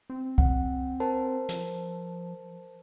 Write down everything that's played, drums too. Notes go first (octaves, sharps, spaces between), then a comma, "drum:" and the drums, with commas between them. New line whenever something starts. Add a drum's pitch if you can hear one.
C4
F#5, drum: kick
A#4 C5 A5
F3, drum: hi-hat